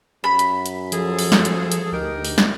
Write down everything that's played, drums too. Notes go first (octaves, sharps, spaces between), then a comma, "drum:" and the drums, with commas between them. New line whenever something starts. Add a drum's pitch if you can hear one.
F#2 B5
drum: hi-hat
drum: hi-hat
F3 G#4 A4, drum: hi-hat
drum: open hi-hat
drum: snare
drum: hi-hat
drum: hi-hat
D2 D#4 G4 A#4
drum: open hi-hat
drum: snare